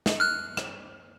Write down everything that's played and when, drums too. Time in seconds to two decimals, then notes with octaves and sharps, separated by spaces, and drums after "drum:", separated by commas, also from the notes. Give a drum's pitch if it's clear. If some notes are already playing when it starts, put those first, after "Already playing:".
0.06 drum: snare
0.20 F6 F#6
0.57 drum: rim click